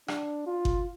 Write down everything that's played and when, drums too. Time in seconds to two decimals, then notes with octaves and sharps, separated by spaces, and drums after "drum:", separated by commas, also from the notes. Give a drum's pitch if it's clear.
0.08 D4, drum: rim click
0.47 F4
0.65 drum: kick G1